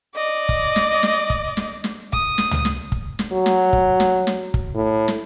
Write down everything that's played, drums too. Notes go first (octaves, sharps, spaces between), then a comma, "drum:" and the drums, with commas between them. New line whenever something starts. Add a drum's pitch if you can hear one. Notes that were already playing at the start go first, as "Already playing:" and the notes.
D5 D#5
drum: kick
drum: snare
drum: snare
drum: kick
drum: snare
drum: snare
D#6, drum: kick
drum: snare
drum: tom C#2
drum: snare
drum: kick
drum: snare
F#3
drum: snare
drum: kick
drum: snare
drum: snare
drum: kick
A2
drum: snare